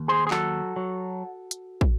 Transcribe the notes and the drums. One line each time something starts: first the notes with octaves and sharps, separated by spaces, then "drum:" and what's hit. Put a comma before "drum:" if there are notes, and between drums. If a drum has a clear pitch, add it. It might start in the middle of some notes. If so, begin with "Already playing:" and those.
Already playing: D#2
G#4 C5
G#4
F#3 F#4 A4, drum: clap
F#3
drum: hi-hat
drum: kick